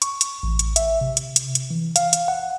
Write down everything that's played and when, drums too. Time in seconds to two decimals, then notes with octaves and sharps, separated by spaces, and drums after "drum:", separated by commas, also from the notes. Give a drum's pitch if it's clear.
0.02 C#6, drum: hi-hat
0.21 drum: hi-hat
0.43 A1
0.59 drum: hi-hat
0.76 E5, drum: hi-hat
1.01 C3
1.17 drum: hi-hat
1.36 drum: hi-hat
1.55 drum: hi-hat
1.71 E3
1.96 F5, drum: hi-hat
2.13 drum: hi-hat
2.28 F#5